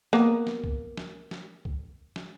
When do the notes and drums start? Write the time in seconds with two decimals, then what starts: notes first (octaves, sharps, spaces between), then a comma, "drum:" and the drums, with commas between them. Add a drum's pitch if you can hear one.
0.13 A#3 B3, drum: snare
0.47 drum: snare
0.64 drum: kick C2
0.97 drum: snare
1.31 drum: snare
1.65 drum: kick C2
2.16 drum: snare